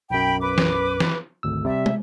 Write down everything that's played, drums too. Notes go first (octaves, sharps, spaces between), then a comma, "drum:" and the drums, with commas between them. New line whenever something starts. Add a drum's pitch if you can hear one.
B1 F#2 G5 B5
B4 D6
drum: snare
drum: snare
G#1 D2 E6
C3 G3 D5 E5
drum: tom